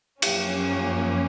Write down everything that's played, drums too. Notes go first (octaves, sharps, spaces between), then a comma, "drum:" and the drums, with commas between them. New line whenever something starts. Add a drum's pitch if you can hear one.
F#2 F3 A#3 C#4, drum: cymbal